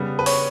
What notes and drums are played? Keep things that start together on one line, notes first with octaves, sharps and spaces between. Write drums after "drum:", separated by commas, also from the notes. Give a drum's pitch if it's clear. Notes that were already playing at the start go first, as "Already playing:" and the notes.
Already playing: C#3 G3 B3
B4
C#5, drum: open hi-hat